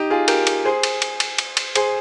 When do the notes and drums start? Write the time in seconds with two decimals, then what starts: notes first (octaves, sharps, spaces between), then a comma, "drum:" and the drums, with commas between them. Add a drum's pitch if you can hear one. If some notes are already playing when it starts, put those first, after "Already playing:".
Already playing: D#4 G4
0.10 F4 G#4
0.28 G4 A#4, drum: cymbal
0.47 drum: cymbal
0.65 G#4 C5
0.83 drum: cymbal
1.02 drum: cymbal
1.20 drum: cymbal
1.38 drum: cymbal
1.57 drum: cymbal
1.75 G#4 C5, drum: cymbal